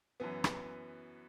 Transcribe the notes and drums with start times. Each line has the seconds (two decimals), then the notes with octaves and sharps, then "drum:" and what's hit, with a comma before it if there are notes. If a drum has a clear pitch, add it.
0.20 F#2 E3 B3
0.44 drum: rim click